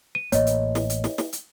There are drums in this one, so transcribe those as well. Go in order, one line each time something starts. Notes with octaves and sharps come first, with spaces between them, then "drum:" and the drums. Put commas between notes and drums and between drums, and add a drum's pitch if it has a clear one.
D#7
A1 A2 A#3 C#5 D#5, drum: hi-hat
drum: hi-hat
drum: snare
drum: hi-hat
drum: snare
drum: snare
drum: hi-hat